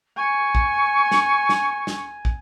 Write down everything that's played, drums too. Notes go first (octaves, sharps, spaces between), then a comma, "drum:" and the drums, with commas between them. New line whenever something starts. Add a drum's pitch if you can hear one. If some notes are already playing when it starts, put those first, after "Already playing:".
G#5 C#6
drum: kick
drum: snare
drum: snare
drum: snare
drum: kick